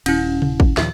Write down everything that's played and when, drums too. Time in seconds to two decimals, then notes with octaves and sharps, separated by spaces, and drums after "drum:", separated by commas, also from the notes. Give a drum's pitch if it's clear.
0.06 D#1 C#4 E4, drum: cymbal
0.42 drum: tom C3
0.60 drum: kick
0.77 D#2 A#2 F3 E5, drum: snare